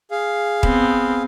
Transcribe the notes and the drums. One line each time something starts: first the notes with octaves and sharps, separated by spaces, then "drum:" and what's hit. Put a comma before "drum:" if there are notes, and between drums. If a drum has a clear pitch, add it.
G#4 F5
B3 C4, drum: kick